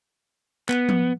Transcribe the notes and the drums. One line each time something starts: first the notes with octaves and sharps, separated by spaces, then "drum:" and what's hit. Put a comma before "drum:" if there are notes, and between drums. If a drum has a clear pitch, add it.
B3, drum: clap
drum: tom F3